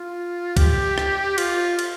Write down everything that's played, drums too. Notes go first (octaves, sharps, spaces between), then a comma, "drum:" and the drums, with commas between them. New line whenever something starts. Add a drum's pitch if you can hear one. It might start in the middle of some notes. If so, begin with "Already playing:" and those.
Already playing: F4
G4, drum: kick, cymbal
drum: rim click
F4, drum: cymbal
drum: cymbal